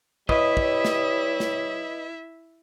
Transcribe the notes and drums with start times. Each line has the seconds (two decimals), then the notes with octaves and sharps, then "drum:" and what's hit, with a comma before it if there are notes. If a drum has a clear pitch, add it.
0.29 G3 E4 B4 C#5 D#5 E5, drum: kick
0.57 drum: kick
0.85 drum: snare
1.40 drum: snare